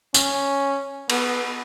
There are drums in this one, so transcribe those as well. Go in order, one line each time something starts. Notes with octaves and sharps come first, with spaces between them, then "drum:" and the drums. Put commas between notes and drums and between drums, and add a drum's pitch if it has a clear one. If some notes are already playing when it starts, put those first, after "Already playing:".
C#4, drum: tambourine
B3, drum: cymbal